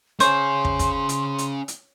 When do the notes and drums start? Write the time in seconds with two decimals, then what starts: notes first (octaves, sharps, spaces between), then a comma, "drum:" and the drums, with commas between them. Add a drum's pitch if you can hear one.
0.20 C#4 G#4 C5 C#5 C6 C#6 G6, drum: hi-hat
0.65 drum: kick
0.79 drum: kick, hi-hat
1.09 drum: hi-hat
1.38 drum: hi-hat
1.68 drum: hi-hat